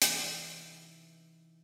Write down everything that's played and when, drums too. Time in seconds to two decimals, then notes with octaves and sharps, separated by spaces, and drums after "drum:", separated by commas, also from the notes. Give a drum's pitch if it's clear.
0.02 C3 E3 D#4 B4 E5, drum: hi-hat